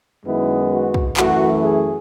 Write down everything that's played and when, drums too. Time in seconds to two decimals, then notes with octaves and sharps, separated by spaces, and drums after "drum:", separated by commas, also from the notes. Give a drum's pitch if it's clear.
0.25 F#2 D#3 G#3 B3 E4
0.71 F#4
0.94 drum: kick
1.17 F#2 E3 A3 F#4, drum: clap
1.63 G#4